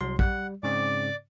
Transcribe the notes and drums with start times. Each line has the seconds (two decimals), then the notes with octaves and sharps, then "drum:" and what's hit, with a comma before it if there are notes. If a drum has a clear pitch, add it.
0.01 C2 F#3 C6
0.19 G3 F#5, drum: kick
0.63 G#2 C#3 C4 D5 D6